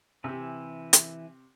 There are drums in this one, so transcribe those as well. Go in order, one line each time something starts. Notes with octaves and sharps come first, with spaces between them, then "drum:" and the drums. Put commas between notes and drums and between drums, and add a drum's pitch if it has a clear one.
C3 E3 G4 G#5 E6
drum: hi-hat